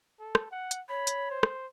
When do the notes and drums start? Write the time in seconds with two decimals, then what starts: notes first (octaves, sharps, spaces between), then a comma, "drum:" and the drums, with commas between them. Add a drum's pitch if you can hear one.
0.19 A4
0.35 drum: rim click
0.51 F#5
0.71 drum: hi-hat
0.89 C#5 B5
1.07 drum: hi-hat
1.30 C5
1.43 drum: rim click